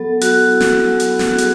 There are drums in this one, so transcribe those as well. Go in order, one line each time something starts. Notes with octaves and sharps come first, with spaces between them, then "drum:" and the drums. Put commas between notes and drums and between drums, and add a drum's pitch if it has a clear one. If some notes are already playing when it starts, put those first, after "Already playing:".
Already playing: F#3 B3 A4
F#3 F#4, drum: hi-hat
E4
drum: snare
F#3
drum: hi-hat
B3
drum: snare
F#4
F#3 G#4, drum: hi-hat